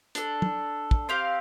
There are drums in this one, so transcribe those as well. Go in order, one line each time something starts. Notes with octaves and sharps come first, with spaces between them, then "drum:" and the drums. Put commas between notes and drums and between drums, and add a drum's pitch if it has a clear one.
D4 A4, drum: hi-hat
drum: tom
drum: kick
C4 G4 F5